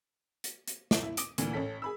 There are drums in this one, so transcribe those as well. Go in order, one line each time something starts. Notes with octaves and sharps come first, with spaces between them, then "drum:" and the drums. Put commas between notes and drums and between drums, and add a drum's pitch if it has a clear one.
drum: hi-hat
drum: hi-hat
drum: snare
E4
D6 D#6 D7, drum: hi-hat
D2 A#2 E3, drum: hi-hat
A1 C#4 A4 B6
G#4 B5 E6